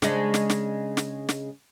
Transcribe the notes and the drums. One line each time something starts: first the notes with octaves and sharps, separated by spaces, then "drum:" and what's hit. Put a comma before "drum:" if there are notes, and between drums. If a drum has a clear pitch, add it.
C#3 G#3 D4, drum: snare
drum: snare
drum: snare
drum: snare
drum: snare